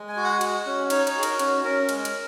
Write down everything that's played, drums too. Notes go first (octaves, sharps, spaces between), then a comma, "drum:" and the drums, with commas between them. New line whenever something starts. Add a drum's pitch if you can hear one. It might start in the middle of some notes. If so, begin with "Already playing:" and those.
Already playing: G#3
G#5
F#4
F#5
F#4, drum: cymbal
C#4
D#4 C#5, drum: cymbal
C#5, drum: cymbal
F#4 G#4
A#4, drum: cymbal
C#4, drum: cymbal
C#4 A#4
G#3, drum: cymbal
drum: cymbal